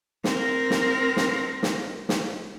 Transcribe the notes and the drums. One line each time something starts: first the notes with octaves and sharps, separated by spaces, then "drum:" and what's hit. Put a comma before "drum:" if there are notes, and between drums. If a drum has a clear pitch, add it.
C4 A#4, drum: snare
drum: snare
drum: snare
drum: snare
drum: snare